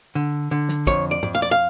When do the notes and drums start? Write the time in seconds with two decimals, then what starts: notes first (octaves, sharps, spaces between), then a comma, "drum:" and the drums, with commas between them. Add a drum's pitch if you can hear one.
0.15 D3
0.51 D3
0.69 drum: snare
0.87 F2 C#5, drum: kick
1.11 D5
1.23 F2, drum: tom
1.35 F5
1.42 D5
1.51 F5